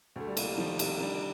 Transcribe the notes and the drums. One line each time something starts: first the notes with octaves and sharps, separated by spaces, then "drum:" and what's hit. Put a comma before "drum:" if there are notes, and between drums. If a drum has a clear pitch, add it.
D2 A3
G3
C3 A#3, drum: cymbal
G3
D#3 F3
C3, drum: cymbal
D3 G3